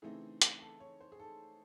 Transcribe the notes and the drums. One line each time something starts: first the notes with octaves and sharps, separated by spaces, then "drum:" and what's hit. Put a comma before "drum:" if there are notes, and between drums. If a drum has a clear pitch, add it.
C#3 E3 A3 C4 D#4 G#4
drum: hi-hat
A4
C#5
C5
G#4
A4